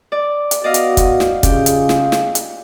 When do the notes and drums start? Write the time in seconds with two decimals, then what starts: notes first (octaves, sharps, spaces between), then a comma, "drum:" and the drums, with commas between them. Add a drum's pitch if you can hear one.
0.12 D5
0.51 drum: hi-hat
0.64 B3 F#4 D5 D#5 F5
0.74 drum: hi-hat
0.97 drum: kick, hi-hat
1.20 drum: snare
1.43 C#3 F4 G4 G#4 F5, drum: kick, hi-hat
1.66 drum: hi-hat
1.89 drum: snare
2.12 drum: snare
2.35 drum: hi-hat